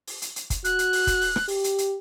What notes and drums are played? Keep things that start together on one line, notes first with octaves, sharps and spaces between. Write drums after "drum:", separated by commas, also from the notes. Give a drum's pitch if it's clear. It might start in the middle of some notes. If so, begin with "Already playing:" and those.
drum: open hi-hat
drum: hi-hat
drum: hi-hat
drum: kick, hi-hat
F#4 F#6, drum: hi-hat
drum: hi-hat
drum: open hi-hat
drum: kick, hi-hat
drum: open hi-hat
drum: rim click
G4, drum: open hi-hat
drum: hi-hat
drum: hi-hat